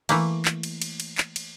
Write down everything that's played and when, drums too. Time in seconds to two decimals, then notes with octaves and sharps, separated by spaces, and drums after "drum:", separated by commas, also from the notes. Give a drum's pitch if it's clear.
0.09 E3 A3 A#3, drum: cymbal
0.45 drum: clap
0.63 drum: cymbal
0.82 drum: cymbal
1.00 drum: cymbal
1.18 drum: clap
1.36 drum: cymbal